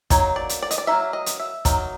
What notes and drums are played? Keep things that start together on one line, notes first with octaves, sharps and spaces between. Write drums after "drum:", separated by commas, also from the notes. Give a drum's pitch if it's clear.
F#3 A#3 D#4 C#5, drum: kick, hi-hat
D5
drum: hi-hat
D5
D#5, drum: hi-hat
D5
F#3 A#3 D#4 E5
D#5
drum: hi-hat
E5
F#3 A#3 D#4, drum: kick, hi-hat